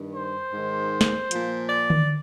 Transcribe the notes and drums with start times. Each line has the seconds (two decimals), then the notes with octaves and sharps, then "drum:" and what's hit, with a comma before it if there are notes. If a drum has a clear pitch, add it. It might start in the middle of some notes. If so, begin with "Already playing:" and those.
Already playing: G2 D#3
0.14 C5
0.53 G#2 D#3
1.01 drum: snare
1.31 A#2 F3, drum: hi-hat
1.69 D5
1.90 drum: tom D3